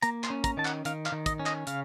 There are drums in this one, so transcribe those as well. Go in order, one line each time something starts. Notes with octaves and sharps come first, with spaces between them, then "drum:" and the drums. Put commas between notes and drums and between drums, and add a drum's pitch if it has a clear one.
A#3 A#5, drum: hi-hat
C6, drum: clap
C#4
A#5, drum: kick, hi-hat
D#3 A5
F#5, drum: clap
D#3 F5, drum: hi-hat
F5, drum: clap
D#3
D#5, drum: kick, hi-hat
C#4
D#5, drum: clap
C#3 F5, drum: hi-hat